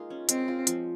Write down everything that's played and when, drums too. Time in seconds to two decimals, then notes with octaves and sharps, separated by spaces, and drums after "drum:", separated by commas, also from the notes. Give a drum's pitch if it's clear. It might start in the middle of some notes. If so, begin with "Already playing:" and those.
Already playing: G#3 A#3 D#4 F4
0.10 C#4
0.29 G#3 C4, drum: hi-hat
0.48 F4
0.67 F3, drum: hi-hat